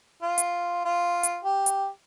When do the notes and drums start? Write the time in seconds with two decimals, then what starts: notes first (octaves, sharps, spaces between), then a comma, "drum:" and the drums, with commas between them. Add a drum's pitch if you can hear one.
0.23 F4
0.38 drum: hi-hat
0.85 F4
1.23 drum: hi-hat
1.45 G4
1.66 drum: hi-hat